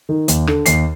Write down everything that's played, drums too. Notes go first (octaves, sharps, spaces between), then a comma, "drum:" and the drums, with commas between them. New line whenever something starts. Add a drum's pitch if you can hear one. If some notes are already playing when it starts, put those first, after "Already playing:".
D#3
D#2, drum: hi-hat
D3, drum: rim click
D#2 C7, drum: hi-hat